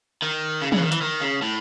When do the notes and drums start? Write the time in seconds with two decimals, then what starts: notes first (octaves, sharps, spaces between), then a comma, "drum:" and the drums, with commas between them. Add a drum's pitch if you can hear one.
0.22 D#3
0.62 C#3
0.72 C#3, drum: tom
0.77 E3
0.82 D#3
0.92 E3, drum: hi-hat
1.01 D#3
1.21 C#3
1.42 A2